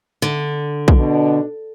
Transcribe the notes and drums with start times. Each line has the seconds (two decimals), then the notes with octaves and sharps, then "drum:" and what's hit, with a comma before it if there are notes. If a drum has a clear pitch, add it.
0.22 D3
0.88 drum: kick A#1
0.97 B2 D4